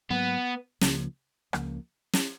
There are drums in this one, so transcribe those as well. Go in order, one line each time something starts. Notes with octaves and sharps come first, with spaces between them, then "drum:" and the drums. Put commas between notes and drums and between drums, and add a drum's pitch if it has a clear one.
G#2 F#3 A#3 B3
C#2 C#3 F3 A#3, drum: snare
C#2 C#3 F3 A#3, drum: rim click
drum: snare